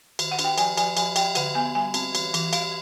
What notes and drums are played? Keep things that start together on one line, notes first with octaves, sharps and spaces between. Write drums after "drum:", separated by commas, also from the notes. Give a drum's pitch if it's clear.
D#3, drum: cymbal
F#5
D4, drum: cymbal
G5
F3 G#5, drum: cymbal
F3 G#5, drum: cymbal
F3 G#5, drum: cymbal
F3 G5, drum: cymbal
D3 F#5, drum: cymbal
B3 G#5
G3 G#5
C4, drum: cymbal
E3, drum: cymbal
E3, drum: cymbal
E3 F5, drum: cymbal